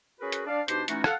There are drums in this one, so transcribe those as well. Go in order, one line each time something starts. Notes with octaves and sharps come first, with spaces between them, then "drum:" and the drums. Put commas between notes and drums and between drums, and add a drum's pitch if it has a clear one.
C#4 F#4 G#4 A#4 B4
drum: hi-hat
D4 D5 F5
B2 D4 D#4 G4 C5, drum: hi-hat
E3 A3 C#4 D#4 F#4, drum: hi-hat
A4 F5 F#5, drum: rim click